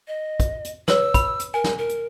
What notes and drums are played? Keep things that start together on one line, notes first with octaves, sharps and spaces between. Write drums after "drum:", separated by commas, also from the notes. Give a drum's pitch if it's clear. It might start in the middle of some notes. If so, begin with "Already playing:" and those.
D#5
drum: kick, hi-hat
drum: hi-hat
B4 C#5 E6, drum: snare
B5, drum: kick, hi-hat
drum: hi-hat
A#4 G#5
drum: snare
A#4
drum: hi-hat